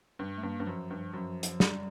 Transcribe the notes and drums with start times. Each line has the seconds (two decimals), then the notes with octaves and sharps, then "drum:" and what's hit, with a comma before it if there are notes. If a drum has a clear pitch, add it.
0.19 G2
0.38 A3
0.43 G2 A#3
0.60 G2
0.66 F#2 F3
0.90 G2 F3
1.13 F#2 F3
1.43 drum: hi-hat
1.60 G3, drum: snare